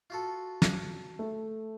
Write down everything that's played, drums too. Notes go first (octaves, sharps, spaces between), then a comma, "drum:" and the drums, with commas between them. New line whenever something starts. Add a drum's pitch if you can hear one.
F4 F#4 A4
drum: snare
A3